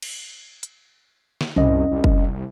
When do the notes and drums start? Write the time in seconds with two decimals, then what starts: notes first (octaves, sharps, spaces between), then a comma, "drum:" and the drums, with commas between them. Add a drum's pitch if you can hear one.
0.02 drum: cymbal
0.63 drum: hi-hat
1.41 drum: snare
1.56 C2 C#4 D#5, drum: tom
1.91 C2
2.04 drum: kick